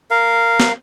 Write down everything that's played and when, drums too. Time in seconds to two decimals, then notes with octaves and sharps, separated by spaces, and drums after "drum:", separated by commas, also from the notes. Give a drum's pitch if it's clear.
0.11 A#4 F5
0.60 drum: snare